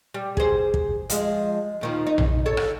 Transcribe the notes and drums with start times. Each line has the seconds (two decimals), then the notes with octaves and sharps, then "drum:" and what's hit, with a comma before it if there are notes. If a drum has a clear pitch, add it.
0.14 G3
0.37 G#4 C5, drum: kick
0.74 drum: kick
1.10 F3 G#3, drum: hi-hat
1.81 D#2 D#3 F3
2.07 D#4
2.18 drum: tom A#1
2.46 A4 C#5
2.57 drum: rim click